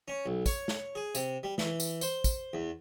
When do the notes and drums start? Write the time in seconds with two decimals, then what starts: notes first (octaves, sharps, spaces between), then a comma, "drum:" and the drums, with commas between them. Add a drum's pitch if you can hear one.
0.08 C#4
0.26 B1
0.46 C#5, drum: kick, tambourine
0.68 drum: snare
0.95 G#4
1.15 C3, drum: tambourine
1.43 G3
1.58 E3, drum: snare
1.80 drum: tambourine
2.01 C5, drum: tambourine
2.24 drum: kick, tambourine
2.53 E2